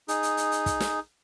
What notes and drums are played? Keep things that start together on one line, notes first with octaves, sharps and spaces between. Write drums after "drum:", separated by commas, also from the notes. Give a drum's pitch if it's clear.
D#4 G#4, drum: hi-hat
drum: hi-hat
drum: hi-hat
drum: hi-hat
drum: kick, hi-hat
drum: snare